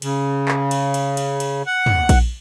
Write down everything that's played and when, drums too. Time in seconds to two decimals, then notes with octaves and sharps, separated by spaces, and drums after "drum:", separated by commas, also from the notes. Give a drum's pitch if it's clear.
0.02 C#3, drum: cymbal
0.48 drum: clap
0.71 drum: cymbal
0.94 drum: cymbal
1.17 drum: cymbal
1.40 drum: cymbal
1.66 F#5
1.86 drum: tom
2.09 drum: kick A#1, cymbal